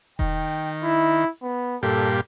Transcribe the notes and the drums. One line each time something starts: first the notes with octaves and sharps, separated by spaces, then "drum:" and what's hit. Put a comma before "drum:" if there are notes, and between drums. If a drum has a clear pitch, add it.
D#3 G5, drum: kick E1
E4
B3
G2 A#2 G4 A4